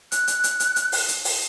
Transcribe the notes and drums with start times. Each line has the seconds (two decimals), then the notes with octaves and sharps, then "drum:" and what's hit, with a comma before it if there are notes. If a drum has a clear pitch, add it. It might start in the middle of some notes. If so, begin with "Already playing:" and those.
0.12 F#6, drum: hi-hat
0.27 drum: hi-hat
0.44 drum: hi-hat
0.60 drum: hi-hat
0.76 drum: hi-hat
0.92 drum: open hi-hat
1.08 drum: hi-hat
1.24 drum: open hi-hat